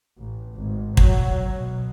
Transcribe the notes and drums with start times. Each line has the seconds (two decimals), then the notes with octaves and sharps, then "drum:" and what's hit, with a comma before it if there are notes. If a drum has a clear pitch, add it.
0.19 A1
0.55 G#1
0.97 F#3, drum: kick
1.57 B2